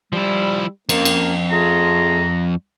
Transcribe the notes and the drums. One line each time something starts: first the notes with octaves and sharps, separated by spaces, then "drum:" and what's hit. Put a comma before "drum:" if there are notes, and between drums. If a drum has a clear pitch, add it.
F3 G3 E4
F2 A#3 C#4, drum: cymbal
drum: cymbal
A3 F4 G#4 A#5